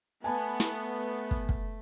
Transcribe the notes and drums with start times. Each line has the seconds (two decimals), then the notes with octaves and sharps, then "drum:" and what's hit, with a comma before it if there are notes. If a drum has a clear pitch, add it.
0.24 A3 B3 G#5 A5 B5
0.60 drum: snare
1.31 drum: kick
1.49 drum: kick